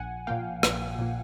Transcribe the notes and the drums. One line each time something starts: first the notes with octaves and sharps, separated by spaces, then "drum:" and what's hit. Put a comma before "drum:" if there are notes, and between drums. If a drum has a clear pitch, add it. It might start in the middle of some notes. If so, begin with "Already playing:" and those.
Already playing: A#1 F#5 G#5
A#2 F3 A#3 F5 G5
A#1, drum: rim click
A#2 F3 A#3